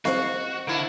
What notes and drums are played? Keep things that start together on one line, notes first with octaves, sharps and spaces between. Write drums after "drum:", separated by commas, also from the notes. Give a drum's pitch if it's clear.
F#4 C5 D#5 F5 C#6 C7, drum: snare C4
D3 A#3 E4